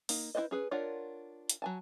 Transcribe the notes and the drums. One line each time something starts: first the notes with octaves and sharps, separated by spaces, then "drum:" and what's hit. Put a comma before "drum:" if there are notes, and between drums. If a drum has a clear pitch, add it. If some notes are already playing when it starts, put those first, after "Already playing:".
A#3 D#4, drum: open hi-hat
E4 F#4 B4 C5 D#5
C#4 G#4 B4
D4 F4 A#4 C#5 F#5
drum: hi-hat
F#3 G#5 A5